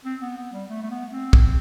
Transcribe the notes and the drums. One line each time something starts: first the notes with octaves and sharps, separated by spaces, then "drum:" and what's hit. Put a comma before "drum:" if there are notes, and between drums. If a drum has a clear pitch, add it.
C4
B3
B3
G3
A3
A3
B3
C4
drum: kick